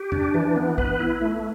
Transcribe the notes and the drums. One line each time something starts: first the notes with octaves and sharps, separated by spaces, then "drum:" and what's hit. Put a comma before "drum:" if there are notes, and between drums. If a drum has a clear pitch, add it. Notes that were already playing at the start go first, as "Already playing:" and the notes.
Already playing: G4
D4, drum: tom E2
E3
B3
B4, drum: kick A#1
E4
A3